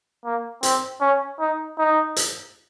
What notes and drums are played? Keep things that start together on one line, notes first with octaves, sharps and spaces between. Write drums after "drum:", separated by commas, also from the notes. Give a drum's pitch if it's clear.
A#3
C4, drum: hi-hat
C#4
D#4
D#4
drum: hi-hat